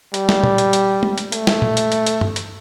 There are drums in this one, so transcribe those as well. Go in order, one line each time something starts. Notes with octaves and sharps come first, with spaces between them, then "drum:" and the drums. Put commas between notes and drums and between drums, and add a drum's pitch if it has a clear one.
G3, drum: hi-hat
drum: snare
drum: tom A#2
drum: hi-hat
drum: hi-hat
drum: tom
drum: hi-hat
A3, drum: hi-hat
drum: snare
drum: tom A#2
drum: hi-hat
drum: hi-hat
drum: hi-hat
drum: tom G2
drum: hi-hat